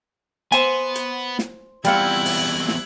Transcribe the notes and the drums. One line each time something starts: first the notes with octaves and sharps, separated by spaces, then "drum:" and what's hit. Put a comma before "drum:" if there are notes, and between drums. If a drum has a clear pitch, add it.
B3 C5 G#5, drum: hi-hat
drum: hi-hat
drum: snare
E2 G3 C4 E4 F4 F#5 F#6 G#6, drum: hi-hat
drum: open hi-hat
drum: snare